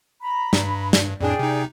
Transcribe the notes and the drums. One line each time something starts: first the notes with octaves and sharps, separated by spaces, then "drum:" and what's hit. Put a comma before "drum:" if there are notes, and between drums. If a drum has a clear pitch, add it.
A#5 B5
G2, drum: snare
drum: snare
F2 A2 D4 G#4 D5 G5
C3 D#4